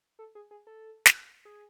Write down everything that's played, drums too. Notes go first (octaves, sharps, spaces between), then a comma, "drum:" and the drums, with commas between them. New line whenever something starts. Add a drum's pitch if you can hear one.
A4
G#4
G#4
A4
drum: snare
G#4